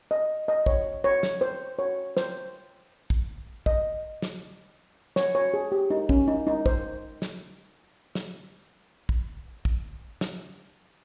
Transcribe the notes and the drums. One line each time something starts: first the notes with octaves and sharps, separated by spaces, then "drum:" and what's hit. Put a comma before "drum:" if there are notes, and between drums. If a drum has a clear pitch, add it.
D#5
D#5
C#5, drum: kick
C#5
drum: snare
C5
C#5
C5, drum: snare
drum: kick
D#5, drum: kick
drum: snare
C#5, drum: snare
C#5
G#4
G4
D#4
C#4, drum: kick
D#4
D#4
C5, drum: kick
drum: snare
drum: snare
drum: kick
drum: kick
drum: snare